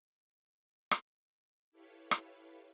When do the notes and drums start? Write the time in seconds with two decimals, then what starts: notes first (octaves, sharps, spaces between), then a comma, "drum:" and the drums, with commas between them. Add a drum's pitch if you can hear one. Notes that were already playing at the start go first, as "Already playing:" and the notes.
0.91 drum: rim click
1.71 E4 G4 A4 B4 C#5 F5
2.11 drum: rim click